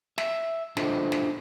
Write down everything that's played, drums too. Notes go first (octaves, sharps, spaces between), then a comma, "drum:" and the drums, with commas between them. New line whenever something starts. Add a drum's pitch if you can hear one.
E5, drum: snare
D4 E4 F4 A4 C5 D#5, drum: snare
drum: snare